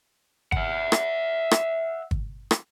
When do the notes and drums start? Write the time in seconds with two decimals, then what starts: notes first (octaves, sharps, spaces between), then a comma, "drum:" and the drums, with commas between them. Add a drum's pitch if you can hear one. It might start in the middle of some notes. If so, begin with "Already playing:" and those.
0.52 E5 F#5, drum: kick
0.92 drum: rim click
1.51 drum: rim click
2.11 drum: kick
2.51 drum: rim click